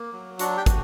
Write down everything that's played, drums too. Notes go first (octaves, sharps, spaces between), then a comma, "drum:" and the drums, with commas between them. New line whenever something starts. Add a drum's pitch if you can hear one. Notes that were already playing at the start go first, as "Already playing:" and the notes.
Already playing: A#3
F#3
D4 F#4 F#5, drum: hi-hat
G4 G5
F#4, drum: kick, hi-hat